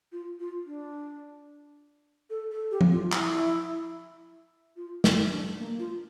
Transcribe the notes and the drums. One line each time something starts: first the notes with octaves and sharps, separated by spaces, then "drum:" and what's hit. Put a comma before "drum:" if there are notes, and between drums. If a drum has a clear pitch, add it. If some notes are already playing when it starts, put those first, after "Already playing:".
F4
F4
D4
A4
A4
G4
drum: tom F3
F4
E4, drum: clap
F4
E4, drum: snare
D4
A#3
F4